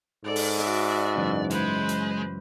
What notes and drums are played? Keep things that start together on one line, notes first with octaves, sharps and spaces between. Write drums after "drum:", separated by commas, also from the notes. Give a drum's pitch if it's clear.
G#2 A4 D5
drum: open hi-hat
F#4 D5 E5
C#2 F#2 E3
G#3 B4 C5, drum: hi-hat
drum: hi-hat